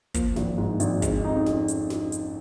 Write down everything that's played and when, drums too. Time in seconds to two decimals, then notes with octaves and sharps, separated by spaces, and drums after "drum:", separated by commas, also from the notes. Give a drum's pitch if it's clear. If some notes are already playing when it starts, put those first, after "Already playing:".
0.14 F3 A#3, drum: kick, hi-hat
0.36 G#1, drum: snare
0.58 G#2
0.80 G#1, drum: hi-hat
1.02 G#3 C4, drum: kick, hi-hat
1.13 D#4
1.24 F2 D#4
1.36 C#4
1.46 drum: snare
1.68 drum: hi-hat
1.90 drum: snare
2.12 drum: hi-hat